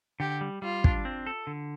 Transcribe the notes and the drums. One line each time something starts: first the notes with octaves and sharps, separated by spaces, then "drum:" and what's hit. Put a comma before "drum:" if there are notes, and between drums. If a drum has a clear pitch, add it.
D3 G4
G3
G3 F4
D4, drum: kick
C4
A4
D3